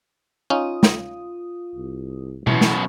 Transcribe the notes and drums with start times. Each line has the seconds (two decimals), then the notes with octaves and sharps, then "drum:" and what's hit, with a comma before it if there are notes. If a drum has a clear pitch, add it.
0.50 C#4 D#4 F4 D#6
0.83 drum: snare
1.75 C2
2.47 F#2 B2 E3, drum: tom B2
2.61 drum: snare